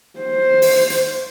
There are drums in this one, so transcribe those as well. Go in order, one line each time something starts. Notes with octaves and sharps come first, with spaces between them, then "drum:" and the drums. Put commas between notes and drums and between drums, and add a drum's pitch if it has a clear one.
C5
drum: open hi-hat
drum: hi-hat